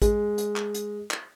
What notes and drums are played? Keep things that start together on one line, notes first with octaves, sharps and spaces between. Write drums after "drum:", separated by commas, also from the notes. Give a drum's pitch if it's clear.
G#3, drum: kick, hi-hat
drum: hi-hat
drum: clap
drum: hi-hat
drum: clap